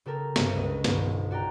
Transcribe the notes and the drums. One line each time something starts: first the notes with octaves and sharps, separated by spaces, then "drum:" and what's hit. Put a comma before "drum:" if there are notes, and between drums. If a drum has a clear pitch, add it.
C#3 G4 A4 A#4
G1 G2 C3 G3, drum: snare
C#2 D#5
D#1 C2 G2 B2 D#3, drum: snare
F#4 D5 G5 A#5